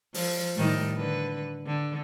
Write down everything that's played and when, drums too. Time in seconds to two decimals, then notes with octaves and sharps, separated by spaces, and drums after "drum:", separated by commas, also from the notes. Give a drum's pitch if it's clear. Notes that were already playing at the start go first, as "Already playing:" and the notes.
0.14 F3, drum: open hi-hat
0.56 A2 D#3 G3
0.96 D3 B4
1.66 D3